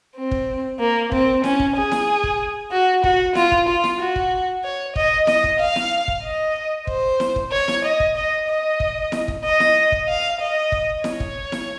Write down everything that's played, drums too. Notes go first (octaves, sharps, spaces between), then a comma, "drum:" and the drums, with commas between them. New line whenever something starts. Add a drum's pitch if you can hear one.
C4
drum: kick
A#3
C4, drum: kick
C#4, drum: snare E4
drum: kick
G#4
drum: snare E4
drum: kick
F#4
F#4, drum: kick
F4, drum: snare E4
drum: kick
F4
drum: snare E4
F#4
drum: kick
C#5
D#5, drum: kick
D#5, drum: snare E4
drum: kick
F5
drum: snare E4
drum: kick
D#5
C5, drum: kick
drum: snare E4
drum: kick
C#5
drum: snare E4
D#5
drum: kick
D#5
D#5
drum: kick
drum: snare E4
drum: kick
D#5
drum: snare E4
drum: kick
F5
D#5
drum: kick
C#5, drum: snare E4
drum: kick
drum: snare E4